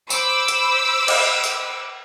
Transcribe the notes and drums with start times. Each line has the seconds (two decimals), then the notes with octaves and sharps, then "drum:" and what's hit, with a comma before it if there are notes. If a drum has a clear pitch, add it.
0.10 C5 B5 D6 E6, drum: tambourine
0.48 drum: hi-hat
1.08 drum: cymbal
1.44 drum: open hi-hat